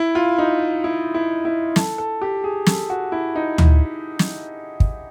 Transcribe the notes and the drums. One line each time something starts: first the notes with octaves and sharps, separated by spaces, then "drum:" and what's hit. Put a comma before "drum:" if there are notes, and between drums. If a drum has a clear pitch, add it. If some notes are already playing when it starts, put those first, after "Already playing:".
Already playing: E4
F4
D#4
E4
E4
E4
A4, drum: snare
A4
G4
G#4
A4, drum: snare
F#4
E4
D#4
drum: tom D2
drum: snare
drum: kick